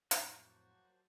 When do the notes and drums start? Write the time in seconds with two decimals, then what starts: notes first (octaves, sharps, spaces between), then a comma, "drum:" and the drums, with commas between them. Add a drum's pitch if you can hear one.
0.11 F2 A2 F#3 A#3 F#4 C5 A5, drum: hi-hat